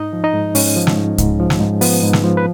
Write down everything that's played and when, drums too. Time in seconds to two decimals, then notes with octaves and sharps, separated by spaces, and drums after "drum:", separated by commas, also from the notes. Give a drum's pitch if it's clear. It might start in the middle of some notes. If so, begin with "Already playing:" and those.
Already playing: G#2 D#4 D#5
0.13 F3
0.24 D#4 D#5
0.34 G#2
0.55 G#2 C#4 C#5, drum: open hi-hat
0.76 F3
0.87 drum: snare
0.97 G#2
1.18 G#2, drum: kick C2, hi-hat
1.40 F3
1.50 drum: snare
1.60 G#2
1.81 F3 B3 B4, drum: open hi-hat
2.03 G#2
2.13 drum: snare
2.24 F3
2.37 B4